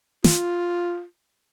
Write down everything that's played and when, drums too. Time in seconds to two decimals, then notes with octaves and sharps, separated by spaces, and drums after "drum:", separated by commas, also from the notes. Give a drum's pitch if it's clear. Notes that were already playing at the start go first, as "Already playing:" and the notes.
0.24 F4, drum: snare